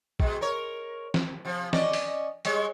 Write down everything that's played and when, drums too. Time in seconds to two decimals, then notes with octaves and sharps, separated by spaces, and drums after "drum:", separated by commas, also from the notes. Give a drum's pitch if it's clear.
0.20 B2 G#3, drum: kick
0.41 A#4 C#5
1.14 drum: snare
1.45 C3 F3
1.73 C#4 D5 D#5, drum: snare
1.93 drum: open hi-hat
2.45 G3 G#3 C#5, drum: hi-hat